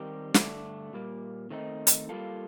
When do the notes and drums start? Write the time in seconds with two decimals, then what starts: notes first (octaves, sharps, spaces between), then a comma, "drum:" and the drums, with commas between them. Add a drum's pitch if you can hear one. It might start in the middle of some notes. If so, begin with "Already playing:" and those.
Already playing: D#3 G3 C4 G4 A#4
0.34 G2 D3 A3 D4, drum: snare
0.93 A#2 G3 A#3
1.50 D#3 A3 C4 D#4
1.87 drum: hi-hat
2.09 G3 A#3 F4 A4